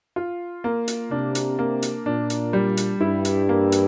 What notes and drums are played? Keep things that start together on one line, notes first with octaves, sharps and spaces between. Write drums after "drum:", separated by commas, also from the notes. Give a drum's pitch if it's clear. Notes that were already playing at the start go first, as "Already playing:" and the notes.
F4
A#3
drum: hi-hat
C3 D4
drum: hi-hat
A#3
drum: hi-hat
A#2 D4
drum: hi-hat
G3
drum: hi-hat
G2 E4
drum: hi-hat
A#3
drum: hi-hat